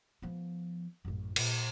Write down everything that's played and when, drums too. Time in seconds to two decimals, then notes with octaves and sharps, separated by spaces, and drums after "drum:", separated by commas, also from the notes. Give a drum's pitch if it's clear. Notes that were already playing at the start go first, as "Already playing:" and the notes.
0.22 F3 B3
1.05 A1 F#2
1.36 A#2, drum: cymbal